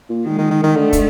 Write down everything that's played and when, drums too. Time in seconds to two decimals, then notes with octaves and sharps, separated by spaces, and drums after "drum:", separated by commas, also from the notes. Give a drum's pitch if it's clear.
0.10 A#2
0.26 D#3 G#3
0.38 D#3
0.51 D#3
0.63 D#3
0.75 D3 A3
0.93 drum: kick, hi-hat